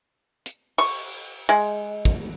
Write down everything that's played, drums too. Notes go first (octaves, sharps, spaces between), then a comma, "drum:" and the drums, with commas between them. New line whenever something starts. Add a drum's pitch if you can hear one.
drum: hi-hat
C#6, drum: cymbal
G#3
drum: kick